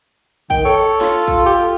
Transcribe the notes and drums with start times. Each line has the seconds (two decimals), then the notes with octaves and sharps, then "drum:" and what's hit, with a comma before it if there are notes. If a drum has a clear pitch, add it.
0.50 D#3 G5, drum: kick
0.65 A4 C#5
1.01 F4, drum: snare
1.28 drum: kick
1.46 G4